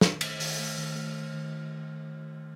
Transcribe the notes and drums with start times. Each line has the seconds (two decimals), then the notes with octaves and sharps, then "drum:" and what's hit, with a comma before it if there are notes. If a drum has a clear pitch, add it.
0.01 D#3, drum: snare
0.21 A3, drum: cymbal
0.40 D#3, drum: open hi-hat
0.59 A3
0.78 D#3
0.96 A3
1.15 A3
1.33 D#3